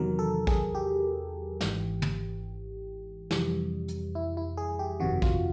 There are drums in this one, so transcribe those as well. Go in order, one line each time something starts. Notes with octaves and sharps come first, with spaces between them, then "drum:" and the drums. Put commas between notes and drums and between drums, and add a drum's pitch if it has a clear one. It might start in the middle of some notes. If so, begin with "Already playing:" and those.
Already playing: E2 C3 D#3 F#3 A#4
A4
G#4, drum: kick A1
G4
G#1 G#2 E3, drum: snare
drum: tom
F2 C3 E3 G3, drum: snare
drum: hi-hat
E4
E4
G#4
G4
G1 F2 C3 D#3 F#4
F4, drum: kick A1